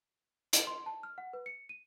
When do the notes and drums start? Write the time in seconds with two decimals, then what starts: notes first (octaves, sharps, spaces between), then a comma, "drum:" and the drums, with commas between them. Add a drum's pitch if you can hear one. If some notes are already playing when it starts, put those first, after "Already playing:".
0.53 F#7, drum: hi-hat
0.67 C6
0.86 A5
1.03 F6
1.18 F#5
1.33 B4
1.46 C#7
1.69 D#7